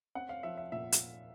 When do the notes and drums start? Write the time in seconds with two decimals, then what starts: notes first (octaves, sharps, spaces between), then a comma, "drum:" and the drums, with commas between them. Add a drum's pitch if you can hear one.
0.15 C4 F#5
0.29 F5
0.43 F3 E5
0.57 E5
0.72 A#2 E5
0.92 drum: hi-hat